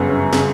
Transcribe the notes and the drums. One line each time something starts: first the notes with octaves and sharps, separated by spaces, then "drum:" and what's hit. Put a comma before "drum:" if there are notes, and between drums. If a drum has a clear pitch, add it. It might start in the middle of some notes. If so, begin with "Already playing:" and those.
Already playing: G1 F#2 C#3 B3
C#4
C#3, drum: snare